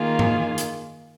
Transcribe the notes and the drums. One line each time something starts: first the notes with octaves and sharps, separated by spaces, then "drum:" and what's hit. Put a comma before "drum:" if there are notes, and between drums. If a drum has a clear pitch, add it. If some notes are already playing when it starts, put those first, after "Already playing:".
Already playing: D#3 A#3 F4 G#4
drum: tom G#2
drum: hi-hat